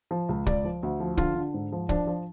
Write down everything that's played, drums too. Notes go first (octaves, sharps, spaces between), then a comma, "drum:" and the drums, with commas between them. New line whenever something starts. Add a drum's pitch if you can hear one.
F3
C#2
C#2 D5, drum: kick
F3
D2
F3
D3 F4, drum: kick
D3
G#2
F3
F3 D4, drum: kick
F3